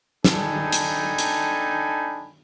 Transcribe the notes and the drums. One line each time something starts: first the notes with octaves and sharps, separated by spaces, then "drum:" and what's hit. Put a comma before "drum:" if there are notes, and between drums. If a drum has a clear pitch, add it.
D4 D#4 A4 G5 G#5 B5, drum: snare
drum: hi-hat
drum: hi-hat